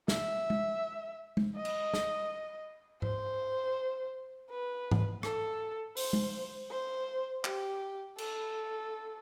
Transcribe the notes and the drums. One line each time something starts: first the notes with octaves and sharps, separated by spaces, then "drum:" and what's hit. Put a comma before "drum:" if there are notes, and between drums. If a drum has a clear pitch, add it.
E5, drum: snare
drum: tom G#3
drum: tom G#3
D#5
drum: cymbal
drum: snare
C5, drum: tom G#2
B4
drum: tom G#2
A4, drum: rim click
C5, drum: open hi-hat
drum: tom G#3
C5
G4, drum: clap
A4, drum: cymbal